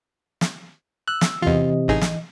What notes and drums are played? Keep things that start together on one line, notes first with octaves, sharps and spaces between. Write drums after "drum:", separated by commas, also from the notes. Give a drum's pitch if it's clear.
drum: snare
E6 F#6
drum: snare
E2 C3 E3 F4 D#5
A1 D#4 G#4
drum: snare